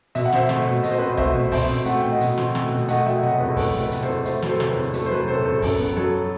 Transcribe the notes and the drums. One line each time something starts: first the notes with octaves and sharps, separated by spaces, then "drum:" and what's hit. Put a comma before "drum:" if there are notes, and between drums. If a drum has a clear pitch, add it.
B2 E5, drum: hi-hat
F#5
C4 C5 E5, drum: snare
A3, drum: snare
B2
B2 D#5, drum: hi-hat
C5
C4 B4 D#5
D#5
A3 C5 E5, drum: tom C2
B2
B2 C5 E5, drum: kick, open hi-hat
C4
A3 F#5, drum: hi-hat
B2 G5
D#5 F#5
B2, drum: hi-hat
C4, drum: snare
A3, drum: snare
B2
A3 D#5 F#5, drum: hi-hat
F#3 E5 G5
C3 D#5 F#5
E2 B4 D#5
A4
A3 B4, drum: kick, open hi-hat
F#3
B4
C3, drum: hi-hat
A4 C5
E2
A3 C5 E5, drum: hi-hat
F#3, drum: snare
A4 C5
C3, drum: snare
B4
E2
A3 A4, drum: hi-hat
C5
F#3 B4
C3 A4 C5
E2 A4
F#2 A4, drum: kick, open hi-hat
B3
F#3 A4